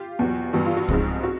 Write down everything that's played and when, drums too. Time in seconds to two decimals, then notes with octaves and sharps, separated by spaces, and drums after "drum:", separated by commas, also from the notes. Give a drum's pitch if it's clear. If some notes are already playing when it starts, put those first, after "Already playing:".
Already playing: F4 G4
0.19 E2 B2 F#3
0.53 G2 E3 G3 B3 F#4
0.65 F4
0.77 F#4
0.88 G#2 F3 G#3 C4, drum: kick
1.23 F#4